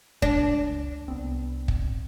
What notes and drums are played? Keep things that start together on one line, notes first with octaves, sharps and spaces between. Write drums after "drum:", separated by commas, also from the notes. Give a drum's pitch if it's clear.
C#2 D4, drum: kick
C2 B3 C4
drum: kick